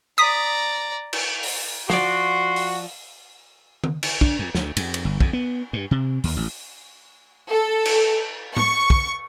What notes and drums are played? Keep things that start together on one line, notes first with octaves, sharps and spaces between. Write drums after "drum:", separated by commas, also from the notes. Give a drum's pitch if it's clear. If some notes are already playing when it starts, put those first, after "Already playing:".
D5 A#5 D#6 B6
drum: cymbal
drum: open hi-hat
F3 F#4 D5 C6, drum: snare
drum: open hi-hat
drum: tom D#3
drum: cymbal
D4, drum: kick
F2
D2, drum: snare
F2, drum: cymbal
drum: cymbal
G1
F2, drum: kick
B3
G2
C3
D#2, drum: open hi-hat
A1
A4
drum: cymbal
C#6, drum: tom A2
drum: kick